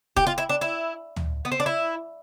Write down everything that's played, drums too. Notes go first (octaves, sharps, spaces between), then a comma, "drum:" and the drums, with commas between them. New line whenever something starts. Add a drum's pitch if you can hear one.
G4, drum: kick
F4
E4
D4
E4
drum: tom
B3
C4
D4
E4